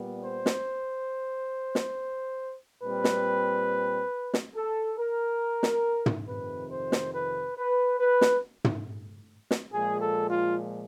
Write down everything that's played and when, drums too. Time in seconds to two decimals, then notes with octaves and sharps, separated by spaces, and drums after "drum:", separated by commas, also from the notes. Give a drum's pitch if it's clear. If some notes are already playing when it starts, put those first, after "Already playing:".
Already playing: A#2 G3 B3
0.24 C5
0.46 drum: snare
1.75 drum: snare
2.83 A#2 G3 C4 B4
3.04 drum: snare
4.34 drum: snare
4.55 A4
4.98 A#4
5.63 drum: snare
6.06 drum: tom
6.27 F2 C3 D#3 B4
6.70 C5
6.92 drum: snare
7.14 B4
7.57 B4
8.00 B4
8.21 drum: snare
8.64 drum: tom
9.51 drum: snare
9.72 A#2 F3 G#3 G#4
10.01 A4
10.29 F4